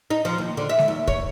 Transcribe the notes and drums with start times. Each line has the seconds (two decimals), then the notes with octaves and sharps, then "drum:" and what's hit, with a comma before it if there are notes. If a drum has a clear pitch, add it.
0.10 D#4
0.25 F3
0.38 D#2
0.57 D3
0.69 E5
0.79 drum: snare G#3
0.88 D#2
1.08 C#5, drum: kick